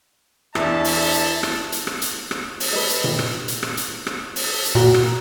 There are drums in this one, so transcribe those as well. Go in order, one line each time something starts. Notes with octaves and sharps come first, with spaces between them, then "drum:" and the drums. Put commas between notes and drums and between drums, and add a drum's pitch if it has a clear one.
E2 E3 D4 E5 A5, drum: rim click
drum: open hi-hat
drum: hi-hat
drum: rim click
drum: hi-hat
drum: rim click
drum: hi-hat
drum: rim click
drum: open hi-hat
B4 D#5
drum: hi-hat
drum: tom A#2
drum: rim click
drum: hi-hat
drum: rim click
drum: hi-hat
drum: rim click
drum: open hi-hat
drum: hi-hat
A#2 F#4 A#4
drum: rim click